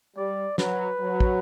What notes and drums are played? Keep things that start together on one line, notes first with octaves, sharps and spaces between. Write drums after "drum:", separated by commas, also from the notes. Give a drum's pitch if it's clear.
G3 D5
F#3 B4, drum: snare
F#3
drum: kick